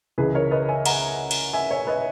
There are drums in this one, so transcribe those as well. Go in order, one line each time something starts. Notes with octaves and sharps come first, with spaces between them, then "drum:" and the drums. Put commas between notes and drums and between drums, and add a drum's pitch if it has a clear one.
C#2 C#3 E3 G#4 B4
A#4 C#5
B4 D#5
E5 G#5
F#5 A#5, drum: cymbal
drum: cymbal
E5 G#5
C#5 E5
B4 D#5